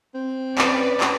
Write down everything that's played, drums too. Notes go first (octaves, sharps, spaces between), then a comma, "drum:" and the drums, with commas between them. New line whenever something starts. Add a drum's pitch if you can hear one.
C4
C#4 B4 D5, drum: clap
drum: clap